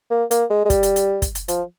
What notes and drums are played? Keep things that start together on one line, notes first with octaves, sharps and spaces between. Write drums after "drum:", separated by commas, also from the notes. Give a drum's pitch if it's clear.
A#3
A#3, drum: hi-hat
G#3
G#3
G3, drum: kick, hi-hat
drum: hi-hat
drum: hi-hat
drum: kick, hi-hat
drum: hi-hat
F3, drum: hi-hat